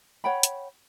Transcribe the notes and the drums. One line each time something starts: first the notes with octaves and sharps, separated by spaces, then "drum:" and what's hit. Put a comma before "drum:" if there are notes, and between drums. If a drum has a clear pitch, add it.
C#5 F#5 G5 B5
drum: hi-hat